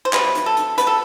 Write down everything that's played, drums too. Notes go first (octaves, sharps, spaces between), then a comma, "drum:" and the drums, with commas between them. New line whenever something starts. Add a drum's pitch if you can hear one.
C5
C3 F#3 C4 B4, drum: clap
drum: hi-hat
A4
drum: hi-hat
B2 G3 B3 B4, drum: hi-hat
A4